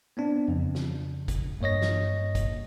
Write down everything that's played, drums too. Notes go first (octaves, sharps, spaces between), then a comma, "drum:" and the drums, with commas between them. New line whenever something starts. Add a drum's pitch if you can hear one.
B3 C4 D4
F2 C#3
drum: snare
drum: kick, hi-hat
G2 A#3 C#5 D#5 A#6
drum: snare
drum: kick, hi-hat